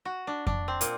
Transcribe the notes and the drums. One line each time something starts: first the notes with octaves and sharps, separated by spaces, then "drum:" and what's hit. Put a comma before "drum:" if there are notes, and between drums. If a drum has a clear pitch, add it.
F#4
D4
D4, drum: kick F2
C4
A#2, drum: hi-hat